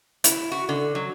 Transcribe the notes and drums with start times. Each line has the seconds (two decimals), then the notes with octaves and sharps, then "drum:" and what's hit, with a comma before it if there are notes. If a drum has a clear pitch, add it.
0.24 E4, drum: hi-hat
0.52 F#4
0.69 D3
0.95 F#3